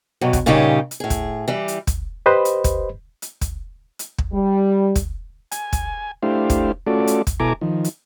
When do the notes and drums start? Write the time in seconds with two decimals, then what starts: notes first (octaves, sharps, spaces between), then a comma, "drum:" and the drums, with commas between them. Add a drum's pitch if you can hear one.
0.21 G2 B2 F#3
0.33 drum: kick, hi-hat
0.46 A#2 C#3 G3 C#4 D#4 G4
0.91 drum: hi-hat
1.00 A2 G#4
1.10 drum: kick, hi-hat
1.48 E3 G3
1.68 drum: hi-hat
1.87 drum: kick, hi-hat
2.26 G4 B4 C5 D#5 B5
2.45 drum: hi-hat
2.64 drum: kick, hi-hat
3.22 drum: hi-hat
3.41 drum: kick, hi-hat
3.99 drum: hi-hat
4.18 drum: kick
4.33 G3
4.95 drum: kick, hi-hat
5.52 G#5, drum: hi-hat
5.73 drum: kick, hi-hat
6.23 A3 D4 E4 G4 C5 F5
6.50 drum: kick, hi-hat
6.87 A3 C#4 F4 F#4 A4 D5
7.07 drum: hi-hat
7.27 drum: kick, hi-hat
7.40 B2 E4 A4 G#5 A#5 D6
7.61 D#3 F3
7.84 drum: hi-hat